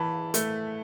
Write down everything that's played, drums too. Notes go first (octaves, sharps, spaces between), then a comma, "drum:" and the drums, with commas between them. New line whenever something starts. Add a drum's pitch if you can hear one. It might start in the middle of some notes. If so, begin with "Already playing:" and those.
Already playing: E3 A5 B5
A3, drum: hi-hat